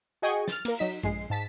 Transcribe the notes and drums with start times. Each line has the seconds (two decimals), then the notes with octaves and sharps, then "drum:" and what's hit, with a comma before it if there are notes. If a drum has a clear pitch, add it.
0.22 F#4 G#4 D#5 G5 G#5 C#6
0.48 F6 A6, drum: snare
0.65 A#3 A#4, drum: cymbal
0.78 F#3 D#4 B6 E7
1.03 A#1 G#3 C7, drum: tom G2
1.30 G#2 A5 B6